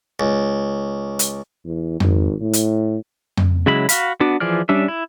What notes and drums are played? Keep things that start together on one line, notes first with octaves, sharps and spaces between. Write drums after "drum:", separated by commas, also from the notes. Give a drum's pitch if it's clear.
C#2
drum: hi-hat
E2
G#1, drum: tom F2
A2
drum: hi-hat
drum: tom F2
C#3 F#3 G#3 E4 B5
F#4 F5 B5, drum: hi-hat
B3 D4 F#4 D6
E3 F3 G#4 D5 F6
G3 C#4 D4 E5
E4